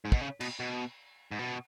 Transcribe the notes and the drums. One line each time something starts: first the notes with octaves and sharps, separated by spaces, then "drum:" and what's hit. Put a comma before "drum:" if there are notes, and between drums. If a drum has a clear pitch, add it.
G#2
B2, drum: kick
C#3
B2, drum: cymbal
B2
G#2
B2